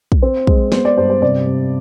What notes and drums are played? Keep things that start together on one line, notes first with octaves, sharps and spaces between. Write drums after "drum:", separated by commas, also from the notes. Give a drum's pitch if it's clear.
drum: kick
C4 C5
G#3, drum: kick
B3 C5, drum: snare
D5
G2 C5
C5
C3 D5
C3